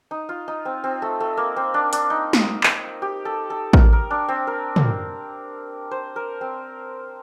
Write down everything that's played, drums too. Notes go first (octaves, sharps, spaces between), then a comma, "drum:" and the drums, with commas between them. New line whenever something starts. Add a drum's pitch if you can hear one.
D#4
F4
D#4
C4
C4
A3
A3
A#3
C4
D4
D4, drum: hi-hat
D#4
drum: snare
drum: clap
G4
A4
A4
A#4, drum: kick
A#4
D4
C4
A#4
drum: tom
C5
A#4
C4